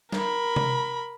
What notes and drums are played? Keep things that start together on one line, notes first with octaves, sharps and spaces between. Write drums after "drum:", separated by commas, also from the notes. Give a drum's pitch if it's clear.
A#4 B5, drum: snare
drum: tom C3